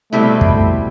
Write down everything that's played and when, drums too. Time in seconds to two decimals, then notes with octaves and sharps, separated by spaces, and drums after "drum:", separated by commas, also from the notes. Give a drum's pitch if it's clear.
0.12 B2 G3 A3 C4 E4
0.41 drum: kick